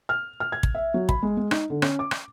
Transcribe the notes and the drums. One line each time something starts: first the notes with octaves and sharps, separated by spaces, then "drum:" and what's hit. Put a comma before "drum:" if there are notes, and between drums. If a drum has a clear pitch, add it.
F6
F6
G#6
drum: kick
E5
F#3
B5, drum: kick
G#3
G#3
D#4, drum: rim click
D3
C#4, drum: rim click
D6
drum: rim click